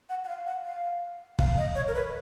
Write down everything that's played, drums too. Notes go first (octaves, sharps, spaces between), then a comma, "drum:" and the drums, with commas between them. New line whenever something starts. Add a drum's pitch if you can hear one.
F#5
F#5
F5
F#5
F5
F5, drum: kick
D#5
C#5
A#4
B4